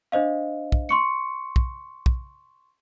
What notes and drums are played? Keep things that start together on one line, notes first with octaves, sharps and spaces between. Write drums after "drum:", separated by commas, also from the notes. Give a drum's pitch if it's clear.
D4 C5 D#5 F5
drum: kick
C6 C#6 C#7
drum: kick
drum: kick